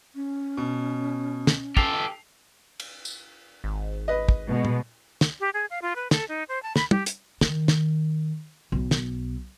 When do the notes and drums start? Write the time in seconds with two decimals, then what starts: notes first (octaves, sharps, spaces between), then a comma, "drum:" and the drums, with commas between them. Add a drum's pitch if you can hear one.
0.15 C#4
0.57 B2
1.47 drum: snare
1.77 G4 A4 C7 F7, drum: kick
2.80 drum: cymbal
3.05 drum: tambourine
3.64 G#1
4.08 B4 D#5
4.28 drum: kick
4.48 B2 G#3
4.65 drum: tom
5.21 drum: snare
5.40 G4
5.54 G#4
5.70 F5
5.82 F4
5.96 B4
6.11 A4, drum: snare
6.28 D#4
6.49 C5
6.63 A5
6.76 B5, drum: snare
6.91 G4, drum: tom
7.06 drum: hi-hat
7.41 D#3, drum: snare
7.68 drum: snare
8.72 B1
8.91 drum: snare